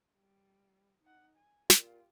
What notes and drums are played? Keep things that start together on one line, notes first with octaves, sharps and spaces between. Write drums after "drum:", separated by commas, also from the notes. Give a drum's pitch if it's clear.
G3
D#4 F#5
G#5
A#2 F4 G4, drum: snare